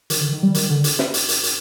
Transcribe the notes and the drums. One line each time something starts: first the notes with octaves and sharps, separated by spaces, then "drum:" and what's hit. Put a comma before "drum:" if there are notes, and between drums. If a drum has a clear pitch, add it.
D#3, drum: hi-hat
D3
D#3
G3
D#3, drum: hi-hat
D3
drum: hi-hat
drum: snare
drum: hi-hat
drum: hi-hat
drum: hi-hat